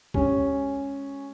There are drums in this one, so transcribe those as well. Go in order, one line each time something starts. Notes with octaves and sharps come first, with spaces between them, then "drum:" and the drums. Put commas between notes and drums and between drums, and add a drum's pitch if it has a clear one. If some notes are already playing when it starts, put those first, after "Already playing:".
G#3 C#4 G4, drum: kick B1